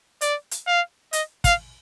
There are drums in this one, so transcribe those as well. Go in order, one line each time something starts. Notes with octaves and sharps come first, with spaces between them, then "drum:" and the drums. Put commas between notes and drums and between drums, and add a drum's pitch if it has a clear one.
D5, drum: hi-hat
drum: hi-hat
F5
D#5, drum: hi-hat
F5, drum: kick, hi-hat